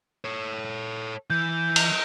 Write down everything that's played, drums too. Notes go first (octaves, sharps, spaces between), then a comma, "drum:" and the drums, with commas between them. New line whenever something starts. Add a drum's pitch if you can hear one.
A4 C#5
E3 G6
drum: cymbal